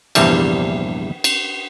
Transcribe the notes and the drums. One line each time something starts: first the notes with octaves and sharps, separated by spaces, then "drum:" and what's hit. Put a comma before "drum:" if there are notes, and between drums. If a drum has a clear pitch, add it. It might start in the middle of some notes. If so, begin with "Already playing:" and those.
A#1 E2 G2 C3 E3 G3, drum: cymbal
drum: cymbal